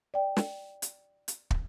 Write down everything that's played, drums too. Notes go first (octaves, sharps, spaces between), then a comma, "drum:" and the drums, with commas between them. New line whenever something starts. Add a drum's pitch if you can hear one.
D5 G5
drum: snare
drum: hi-hat
drum: hi-hat
drum: kick